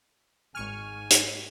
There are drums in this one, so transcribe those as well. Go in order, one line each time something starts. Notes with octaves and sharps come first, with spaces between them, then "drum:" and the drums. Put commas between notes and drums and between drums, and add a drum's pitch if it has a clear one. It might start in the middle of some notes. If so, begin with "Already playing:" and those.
G#1 G#2 G#5 C#6 F6
drum: hi-hat